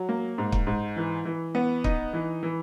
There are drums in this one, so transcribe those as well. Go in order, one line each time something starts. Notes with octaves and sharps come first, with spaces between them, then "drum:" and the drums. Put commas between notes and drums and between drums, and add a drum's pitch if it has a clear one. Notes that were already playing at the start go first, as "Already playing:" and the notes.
Already playing: F#3
A#3
G#2
drum: kick
G#2
E3
E3
B3
D#4, drum: kick
E3
E3